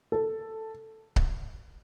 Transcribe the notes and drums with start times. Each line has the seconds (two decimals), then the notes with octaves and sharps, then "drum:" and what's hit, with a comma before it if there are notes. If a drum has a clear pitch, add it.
0.12 A4
1.16 drum: kick C#1